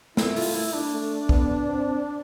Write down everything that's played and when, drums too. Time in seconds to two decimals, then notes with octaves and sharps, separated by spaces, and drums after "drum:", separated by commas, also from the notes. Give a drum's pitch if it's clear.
0.17 A3 E4, drum: snare
0.36 F4, drum: open hi-hat
0.54 E4
0.74 D4
0.92 A3
1.29 B3, drum: kick
1.68 C4